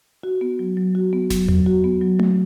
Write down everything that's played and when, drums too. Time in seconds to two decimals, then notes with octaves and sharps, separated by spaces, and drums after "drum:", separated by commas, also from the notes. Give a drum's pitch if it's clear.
0.23 F#4
0.41 B3
0.59 F#3
0.77 F#3
0.95 F#4
1.13 B3
1.30 F#3, drum: snare F1
1.48 F#3, drum: tom E2
1.66 F#4
1.84 B3
2.01 F#3
2.19 F#3, drum: tom A3